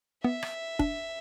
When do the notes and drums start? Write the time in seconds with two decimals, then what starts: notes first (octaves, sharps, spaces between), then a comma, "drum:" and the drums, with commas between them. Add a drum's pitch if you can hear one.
0.24 B3 E5
0.43 drum: rim click
0.79 D4, drum: kick F1